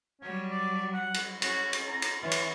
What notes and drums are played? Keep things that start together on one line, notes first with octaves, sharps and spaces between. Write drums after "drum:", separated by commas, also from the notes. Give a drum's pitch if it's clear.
F#3 G3 C#4
D5
F#5
drum: cymbal
C#4 F#4, drum: cymbal
drum: cymbal
A#5
drum: cymbal
E3 F4 C#5
drum: cymbal